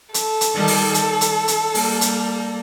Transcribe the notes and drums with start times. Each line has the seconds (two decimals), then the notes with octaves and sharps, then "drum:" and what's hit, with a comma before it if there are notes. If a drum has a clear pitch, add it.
0.14 A4, drum: hi-hat
0.41 drum: hi-hat
0.54 D#3 G3
0.68 drum: open hi-hat
0.94 drum: hi-hat
1.21 drum: hi-hat
1.48 drum: hi-hat
1.75 G3 A#3, drum: open hi-hat
2.01 drum: hi-hat